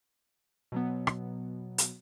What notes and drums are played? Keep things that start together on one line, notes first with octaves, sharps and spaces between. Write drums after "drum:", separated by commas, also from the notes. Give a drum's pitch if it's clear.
B2 F#3 B3
drum: rim click
drum: hi-hat